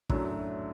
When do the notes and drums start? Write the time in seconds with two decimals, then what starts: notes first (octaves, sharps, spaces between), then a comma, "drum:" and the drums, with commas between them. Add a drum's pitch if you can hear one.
0.09 F#2 A2 F#3 A3 D4, drum: kick